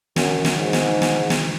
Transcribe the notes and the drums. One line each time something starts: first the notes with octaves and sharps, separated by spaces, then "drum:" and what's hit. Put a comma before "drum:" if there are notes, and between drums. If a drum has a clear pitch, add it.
F#2, drum: snare
drum: snare
G#2
drum: snare
drum: snare
drum: snare